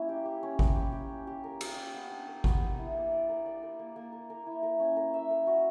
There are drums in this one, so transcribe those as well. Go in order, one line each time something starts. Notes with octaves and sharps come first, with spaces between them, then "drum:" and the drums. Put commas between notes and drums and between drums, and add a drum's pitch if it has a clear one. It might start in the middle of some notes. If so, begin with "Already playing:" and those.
Already playing: A#3 C#4 E4
G4
G4
C#4
G4, drum: kick G#1
G4
G4
C#4
G4
A#4
G4, drum: cymbal
G4
B3
D4
A#4
B3, drum: kick G#1
A#4
E4
A#3
D5
A#4
D5
A#4
A#3
A#3
A#4
A#4
E4
A#4
C#4
A#4
E5
A#4
F#4